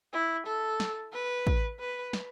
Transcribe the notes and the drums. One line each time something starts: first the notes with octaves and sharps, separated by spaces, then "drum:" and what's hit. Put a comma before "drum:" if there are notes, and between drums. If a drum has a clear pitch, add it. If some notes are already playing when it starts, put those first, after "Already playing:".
E4
A4
drum: snare
B4
drum: kick
B4
drum: snare